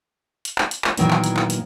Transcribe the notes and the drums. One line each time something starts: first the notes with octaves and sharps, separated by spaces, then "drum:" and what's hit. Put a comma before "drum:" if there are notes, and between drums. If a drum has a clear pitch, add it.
drum: hi-hat
drum: clap
drum: hi-hat
drum: clap
A#2 D#3 E3 F#3 A#3 B3, drum: hi-hat
drum: clap
drum: hi-hat
drum: clap
drum: hi-hat